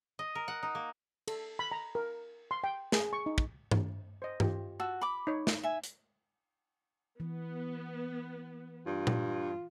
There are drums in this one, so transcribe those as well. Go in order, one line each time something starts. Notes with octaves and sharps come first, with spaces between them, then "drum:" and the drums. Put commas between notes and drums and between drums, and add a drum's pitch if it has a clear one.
D#5
A#4
F#5
D#4
A#3
A4, drum: cymbal
B5
A#5
A#4
C6
G5
G#4, drum: snare
C#6
D#4
drum: kick
drum: tom G2
C5 D#5
F4 G4, drum: tom G2
F#4 A5 E6
B5 D6
D#4 C#5
drum: snare
E5 G#5
drum: hi-hat
E3 B3
G2 F4
drum: tom A#2